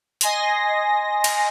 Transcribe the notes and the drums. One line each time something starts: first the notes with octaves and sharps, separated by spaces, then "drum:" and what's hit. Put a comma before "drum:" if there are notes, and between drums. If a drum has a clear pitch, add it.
D#5 G#5 C6 A#6, drum: hi-hat
drum: cymbal